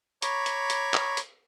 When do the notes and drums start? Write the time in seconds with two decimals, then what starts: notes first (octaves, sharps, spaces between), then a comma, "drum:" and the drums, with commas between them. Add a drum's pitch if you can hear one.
0.22 C#5 A#5 B5 C#6 D6, drum: hi-hat
0.46 drum: hi-hat
0.70 drum: hi-hat
0.93 drum: clap
1.17 drum: hi-hat